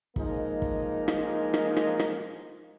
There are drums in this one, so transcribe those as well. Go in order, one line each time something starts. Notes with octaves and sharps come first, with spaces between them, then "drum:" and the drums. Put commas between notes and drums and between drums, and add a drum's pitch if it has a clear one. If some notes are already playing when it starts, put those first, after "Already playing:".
F3 G#3 A#3 D#4, drum: kick
drum: kick
drum: rim click
drum: rim click
drum: rim click
drum: rim click